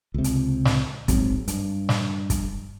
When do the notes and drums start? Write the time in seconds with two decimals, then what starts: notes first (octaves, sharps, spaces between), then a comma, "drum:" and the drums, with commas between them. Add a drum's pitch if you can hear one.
0.14 C#2 C3
0.24 drum: hi-hat
0.65 drum: snare
1.08 A#1 G#2 F#3 C4, drum: kick, hi-hat
1.48 G2, drum: hi-hat
1.89 drum: snare
2.30 drum: kick, hi-hat